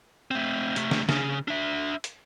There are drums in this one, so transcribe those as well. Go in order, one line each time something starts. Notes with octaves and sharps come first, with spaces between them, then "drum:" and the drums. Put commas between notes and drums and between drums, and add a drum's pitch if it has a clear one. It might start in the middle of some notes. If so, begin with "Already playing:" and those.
A3 C4
C3 A3, drum: hi-hat
drum: snare
C#3, drum: snare
D4 E5
drum: hi-hat